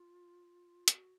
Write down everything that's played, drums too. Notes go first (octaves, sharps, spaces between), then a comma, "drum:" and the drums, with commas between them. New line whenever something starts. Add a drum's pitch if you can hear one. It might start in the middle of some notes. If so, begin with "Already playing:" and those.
Already playing: F4
F#4, drum: hi-hat